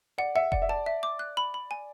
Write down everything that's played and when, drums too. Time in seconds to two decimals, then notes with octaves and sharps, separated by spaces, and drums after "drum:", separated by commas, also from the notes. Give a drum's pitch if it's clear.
0.18 D5 F#5
0.35 E5 F#5
0.52 D5 F#5, drum: kick F1
0.62 E5
0.69 D5 A5
0.86 E5
1.03 D6
1.19 F#6
1.37 B5
1.54 B5
1.71 G#5